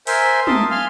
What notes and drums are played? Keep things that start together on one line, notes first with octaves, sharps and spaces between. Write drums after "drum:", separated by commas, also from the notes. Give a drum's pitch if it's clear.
A#4 C5 E5 G#5, drum: open hi-hat
A#4 E5 A5 C6 D#6, drum: tom
F5 G#5 C6 F6